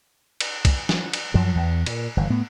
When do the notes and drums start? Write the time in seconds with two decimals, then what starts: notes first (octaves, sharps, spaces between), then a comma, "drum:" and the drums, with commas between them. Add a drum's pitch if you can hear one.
0.40 drum: cymbal
0.65 drum: kick B1, cymbal
0.89 drum: snare
1.13 drum: cymbal
1.34 F#2 F3 F#3
1.56 E2
1.86 A#2, drum: cymbal
2.17 G1 E3
2.30 A2 B3